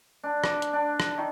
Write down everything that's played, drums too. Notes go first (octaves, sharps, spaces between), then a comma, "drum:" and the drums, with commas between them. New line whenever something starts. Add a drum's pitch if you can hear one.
D4
D6, drum: rim click
drum: hi-hat
D4
drum: rim click
D#3